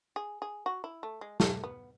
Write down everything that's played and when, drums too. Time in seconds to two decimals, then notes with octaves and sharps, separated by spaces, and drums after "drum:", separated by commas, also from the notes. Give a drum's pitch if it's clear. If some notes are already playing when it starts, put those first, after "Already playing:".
0.16 G#4
0.42 G#4
0.66 F#4
0.84 E4
1.03 A3
1.21 G#3
1.40 A3, drum: snare
1.64 B3